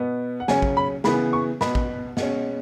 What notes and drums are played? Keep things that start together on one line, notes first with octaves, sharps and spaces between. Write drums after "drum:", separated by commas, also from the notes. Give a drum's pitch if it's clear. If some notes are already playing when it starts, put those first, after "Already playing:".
Already playing: B2 B3
F#5
C#3 F#3 C#4 G#5, drum: snare
drum: kick A1
B5
C#3 E3 B3 B5, drum: snare
C#6
B2 B3 B5, drum: snare
drum: kick A1
B2 G#3 C#4, drum: snare